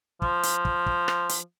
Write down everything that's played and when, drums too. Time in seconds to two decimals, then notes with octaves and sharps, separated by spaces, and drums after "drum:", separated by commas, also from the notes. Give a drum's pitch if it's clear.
0.22 F3, drum: kick
0.43 drum: hi-hat
0.65 drum: kick
0.86 drum: kick
1.08 drum: rim click
1.29 drum: hi-hat